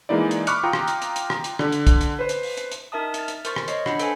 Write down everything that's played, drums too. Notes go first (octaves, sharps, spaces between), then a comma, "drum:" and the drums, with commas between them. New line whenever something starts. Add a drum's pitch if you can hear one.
E3 G#3 A#3 D#4 E4 D5
drum: hi-hat
B5 C#6 D6 F6 F#6 C#7, drum: hi-hat
F4 G5 A#5 D#6
drum: rim click
drum: hi-hat
drum: hi-hat
drum: hi-hat
drum: rim click
drum: hi-hat
D3, drum: rim click
drum: hi-hat
drum: kick, hi-hat
drum: hi-hat
B4 C5
drum: hi-hat
drum: open hi-hat
drum: hi-hat
drum: hi-hat
D#4 A#4 E5 A5 D#6
F6 A6, drum: hi-hat
drum: hi-hat
A#4 C5 C6 C#6 A6, drum: hi-hat
drum: rim click
C#5 D#5 C7, drum: hi-hat
D4 F#5 B5 C7, drum: rim click
A4 B4 C5 G#5, drum: hi-hat